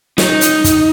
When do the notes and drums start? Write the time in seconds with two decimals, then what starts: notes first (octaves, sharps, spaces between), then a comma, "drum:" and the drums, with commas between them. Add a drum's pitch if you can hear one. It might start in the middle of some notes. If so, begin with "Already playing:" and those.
0.18 D#4, drum: snare
0.41 drum: hi-hat
0.64 drum: kick, hi-hat